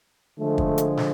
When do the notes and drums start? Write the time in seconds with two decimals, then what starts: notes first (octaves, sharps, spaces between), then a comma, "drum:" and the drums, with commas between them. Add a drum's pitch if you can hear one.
0.38 D3 F3 G#3 A3
0.58 drum: kick
0.78 drum: hi-hat
0.97 drum: snare